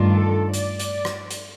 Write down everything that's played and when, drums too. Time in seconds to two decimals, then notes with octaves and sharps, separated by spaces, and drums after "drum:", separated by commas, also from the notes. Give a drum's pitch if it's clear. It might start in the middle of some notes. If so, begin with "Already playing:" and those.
Already playing: G2 D#3 A3 D4 F4
0.15 A4
0.54 D5, drum: hi-hat
0.79 drum: hi-hat
1.05 drum: rim click
1.31 drum: hi-hat